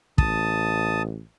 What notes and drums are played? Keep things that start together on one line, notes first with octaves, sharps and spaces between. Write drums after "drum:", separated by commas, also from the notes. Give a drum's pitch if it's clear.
A1 A5 D#6, drum: kick